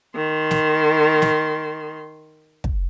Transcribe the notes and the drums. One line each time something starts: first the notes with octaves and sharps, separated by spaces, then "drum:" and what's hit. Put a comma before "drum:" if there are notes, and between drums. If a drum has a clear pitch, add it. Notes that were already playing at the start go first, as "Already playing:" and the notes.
D#3 C6
drum: snare
drum: snare
drum: kick